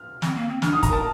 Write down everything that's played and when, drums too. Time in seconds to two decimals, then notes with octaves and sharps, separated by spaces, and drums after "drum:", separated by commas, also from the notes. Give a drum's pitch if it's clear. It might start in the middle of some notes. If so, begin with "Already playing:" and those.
Already playing: F6
0.22 C4, drum: snare
0.35 A#3
0.48 C4
0.62 D4 F6, drum: snare
0.72 D#6
0.75 D#4
0.83 A#5, drum: kick, hi-hat
0.89 A#4 A5